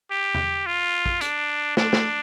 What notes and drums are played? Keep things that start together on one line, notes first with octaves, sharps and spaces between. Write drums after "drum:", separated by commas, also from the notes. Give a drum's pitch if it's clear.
G4
drum: tom E2
F4
drum: kick
D4, drum: hi-hat
D4, drum: snare
drum: snare